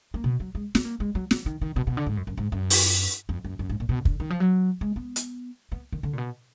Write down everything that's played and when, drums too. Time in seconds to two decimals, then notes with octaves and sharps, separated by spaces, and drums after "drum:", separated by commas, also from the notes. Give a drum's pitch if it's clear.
0.14 A#3
0.24 B2
0.40 F#3
0.55 G#3
0.75 B3, drum: snare
0.85 A#3
1.00 G#3
1.15 F#3
1.31 F3, drum: snare
1.46 D#3
1.61 D#3
1.76 B2
1.87 B2
1.97 D3
2.06 G#2
2.17 F#2
2.27 F#2
2.37 G#2
2.52 F#2
2.70 drum: open hi-hat
3.29 F2
3.45 F#2
3.59 F#2
3.69 G#2
3.80 A#2
3.89 B2
4.05 D3, drum: kick
4.20 D#3
4.30 F3
4.40 F#3
4.81 G#3
4.96 B3
5.16 drum: hi-hat
5.72 B3
5.92 D#3
6.03 D3
6.13 A#2
6.18 B2